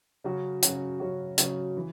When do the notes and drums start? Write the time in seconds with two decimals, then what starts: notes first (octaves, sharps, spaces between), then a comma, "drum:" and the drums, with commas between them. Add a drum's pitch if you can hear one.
0.24 C#3 F#3 C#4 F#4
0.62 C#3 F#3 C#4 F#4, drum: hi-hat
1.00 C#3 F#3 C#4 F#4
1.38 C#3 F#3 C#4 F#4, drum: hi-hat
1.77 E3